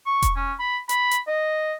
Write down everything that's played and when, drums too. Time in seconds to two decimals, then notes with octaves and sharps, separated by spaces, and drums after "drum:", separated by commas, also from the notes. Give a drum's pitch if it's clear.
0.06 C#6
0.22 drum: kick E1, hi-hat
0.36 C#4
0.59 B5
0.89 B5, drum: hi-hat
1.11 drum: hi-hat
1.28 D#5